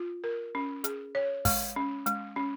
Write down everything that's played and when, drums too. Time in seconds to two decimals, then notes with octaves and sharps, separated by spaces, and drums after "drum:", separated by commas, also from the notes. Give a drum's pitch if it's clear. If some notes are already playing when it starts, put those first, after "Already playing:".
Already playing: F4
0.24 A#4
0.55 C#4
0.84 G#4, drum: hi-hat
1.15 C#5
1.45 G#3, drum: kick, open hi-hat
1.76 C#4
2.06 G#3, drum: hi-hat
2.36 C#4